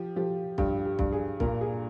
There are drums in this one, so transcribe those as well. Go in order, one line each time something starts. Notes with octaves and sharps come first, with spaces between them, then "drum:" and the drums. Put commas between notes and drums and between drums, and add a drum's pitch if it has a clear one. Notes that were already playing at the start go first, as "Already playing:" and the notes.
Already playing: F3 G4
F3 G4
G2 G4, drum: kick B1
G4
G2, drum: kick B1
G#4
A#2 A#4, drum: kick B1
G#4